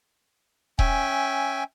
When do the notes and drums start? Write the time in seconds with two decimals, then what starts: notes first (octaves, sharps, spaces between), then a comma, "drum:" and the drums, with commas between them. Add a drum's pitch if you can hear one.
0.79 C#4 E5 G5 G#5, drum: kick D#1